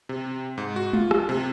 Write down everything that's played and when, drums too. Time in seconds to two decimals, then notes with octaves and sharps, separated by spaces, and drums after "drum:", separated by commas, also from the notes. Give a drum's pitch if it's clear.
0.09 C3
0.58 G#2
0.76 F#4
0.93 F4, drum: tom G#3
1.11 drum: rim click
1.29 C3